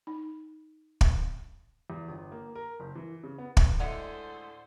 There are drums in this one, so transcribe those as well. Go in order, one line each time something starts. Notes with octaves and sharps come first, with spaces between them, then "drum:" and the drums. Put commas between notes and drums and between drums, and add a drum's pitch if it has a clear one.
D#4
drum: kick
E2
G1
A#3
A#4
F#1
E3
C#3
B3
drum: kick
D2 A2 D3 G#3 A4 C5 E5 F#5